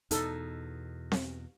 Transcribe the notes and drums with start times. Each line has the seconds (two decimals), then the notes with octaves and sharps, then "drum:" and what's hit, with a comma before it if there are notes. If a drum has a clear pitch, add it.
0.11 E2 B2 D#4 A4, drum: hi-hat
1.12 drum: snare C4